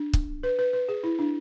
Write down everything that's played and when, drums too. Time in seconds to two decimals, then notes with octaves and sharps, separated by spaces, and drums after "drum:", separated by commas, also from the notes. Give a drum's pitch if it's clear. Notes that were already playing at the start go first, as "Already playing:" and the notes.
Already playing: D4
0.13 drum: kick
0.43 B4
0.59 B4
0.73 B4
0.89 G#4
1.04 E4
1.19 D4